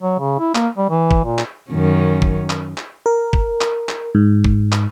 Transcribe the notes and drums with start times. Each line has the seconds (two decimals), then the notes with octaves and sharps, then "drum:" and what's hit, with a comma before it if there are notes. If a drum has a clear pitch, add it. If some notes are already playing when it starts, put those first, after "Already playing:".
0.02 F#3
0.20 C#3
0.39 E4
0.55 A#3, drum: clap
0.77 G3
0.90 E3
1.11 drum: kick
1.24 A#2
1.38 drum: clap
1.70 F#2 D#3 C#4
2.22 drum: kick
2.50 drum: clap
2.78 drum: clap
3.06 A#4
3.33 drum: kick
3.61 drum: clap
3.89 drum: clap
4.15 G#2
4.44 drum: kick
4.72 drum: clap